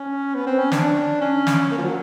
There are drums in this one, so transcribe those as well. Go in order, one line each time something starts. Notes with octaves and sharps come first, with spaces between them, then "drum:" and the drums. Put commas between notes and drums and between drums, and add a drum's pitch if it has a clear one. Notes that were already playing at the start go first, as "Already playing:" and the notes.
Already playing: C#4
B3
C4
C#4
D4, drum: snare
C#4
drum: snare
A#3
F3
F#3